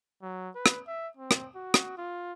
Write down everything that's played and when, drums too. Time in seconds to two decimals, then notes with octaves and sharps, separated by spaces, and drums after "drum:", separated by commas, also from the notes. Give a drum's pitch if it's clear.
0.22 F#3
0.55 B4
0.66 drum: rim click
0.87 E5
1.17 C4
1.31 drum: rim click
1.55 F#4
1.74 drum: rim click
1.97 F4